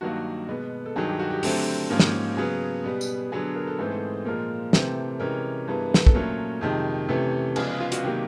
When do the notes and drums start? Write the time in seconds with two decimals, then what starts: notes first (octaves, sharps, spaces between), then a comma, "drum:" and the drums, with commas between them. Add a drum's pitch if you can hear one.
0.01 G2 D#3 F#3 A#3 F#4
0.48 B2 G#3 B3
0.86 A4
0.96 G2 D#3 F#3 G#4
1.07 G4
1.19 F#4
1.30 G4
1.43 D3 F#3 A3 C4, drum: open hi-hat
1.90 G#2 F3 A#3 C#4
1.99 drum: snare
2.37 C#3 F#3 B3 G#4
2.84 B2 G3 B3
3.01 drum: tambourine
3.32 D3 F#3 B3 G#4
3.55 A#4
3.67 A4
3.79 G#2 E3 A3 C4 G#4
3.91 A4
4.25 A#2 F3 G#3 A#4
4.73 C3 E3 A3 C4, drum: snare
5.20 C3 E3 G#3 C#4 A#4
5.68 G2 E3 G#3 B3
5.94 drum: snare
6.07 A4, drum: kick
6.15 A#2 F#3 A3 C#4 A#4
6.61 F2 C3 D#3 G#3
7.09 C3 E3 A3 C#4
7.56 C#3 F3 G#3 B3 G#4, drum: cymbal
7.80 F4
7.92 F#4, drum: hi-hat
8.03 C3 D#3 F#3 A#3 G4